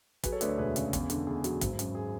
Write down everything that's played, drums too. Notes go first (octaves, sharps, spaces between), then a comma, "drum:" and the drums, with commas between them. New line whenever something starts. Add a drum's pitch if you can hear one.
F#3 G#4 B4, drum: kick, hi-hat
A4 C#5
D2 B4 D5, drum: hi-hat
C#5 E5
E1 G#4 B4
C#3, drum: hi-hat
E2, drum: kick, hi-hat
D3, drum: hi-hat
E2 G#4
F#3, drum: hi-hat
G#1, drum: kick, hi-hat
F#2, drum: hi-hat
G#4